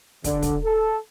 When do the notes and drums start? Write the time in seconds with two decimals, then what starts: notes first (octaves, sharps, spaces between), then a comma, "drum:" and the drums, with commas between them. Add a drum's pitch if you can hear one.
0.24 D3, drum: kick, hi-hat
0.43 drum: kick, hi-hat
0.63 A4